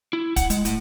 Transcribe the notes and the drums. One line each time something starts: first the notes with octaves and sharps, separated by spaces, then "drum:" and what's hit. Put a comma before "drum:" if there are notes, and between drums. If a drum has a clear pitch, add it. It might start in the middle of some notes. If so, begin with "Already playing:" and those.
E4
F#5, drum: kick, hi-hat
G#3, drum: hi-hat
A2, drum: hi-hat